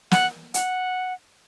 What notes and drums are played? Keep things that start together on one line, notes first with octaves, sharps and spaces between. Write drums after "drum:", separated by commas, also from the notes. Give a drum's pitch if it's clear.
F#5, drum: snare
F#5, drum: hi-hat